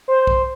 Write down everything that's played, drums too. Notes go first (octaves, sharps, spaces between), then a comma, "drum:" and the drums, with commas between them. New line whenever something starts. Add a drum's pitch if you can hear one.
C5
drum: kick